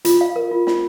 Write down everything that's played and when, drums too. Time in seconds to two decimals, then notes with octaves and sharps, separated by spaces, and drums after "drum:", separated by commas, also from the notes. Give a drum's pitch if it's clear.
0.05 F4, drum: hi-hat
0.21 F5
0.36 A#4
0.51 F4
0.67 F4, drum: snare